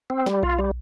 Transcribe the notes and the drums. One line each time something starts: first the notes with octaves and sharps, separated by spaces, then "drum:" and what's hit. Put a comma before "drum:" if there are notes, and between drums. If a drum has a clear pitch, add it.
C4
G3, drum: snare
F4, drum: kick B1
G3